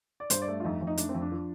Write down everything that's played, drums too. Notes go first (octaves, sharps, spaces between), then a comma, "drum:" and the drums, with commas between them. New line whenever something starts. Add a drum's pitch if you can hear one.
D5
G2 C5, drum: hi-hat
D5
A3
F4
F2 D#4
F2
D#4
A3 D4, drum: hi-hat
C4
F2
D4
F3